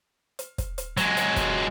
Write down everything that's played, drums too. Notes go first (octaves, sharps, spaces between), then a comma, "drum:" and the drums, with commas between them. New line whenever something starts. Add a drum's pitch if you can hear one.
drum: hi-hat
drum: kick, hi-hat
drum: hi-hat
F#3 G#3, drum: hi-hat
drum: hi-hat
drum: kick, hi-hat